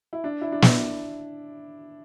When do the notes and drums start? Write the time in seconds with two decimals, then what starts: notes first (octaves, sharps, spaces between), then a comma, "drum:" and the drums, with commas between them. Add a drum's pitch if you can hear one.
0.13 E4
0.24 D4
0.41 E4
0.52 D4
0.62 drum: snare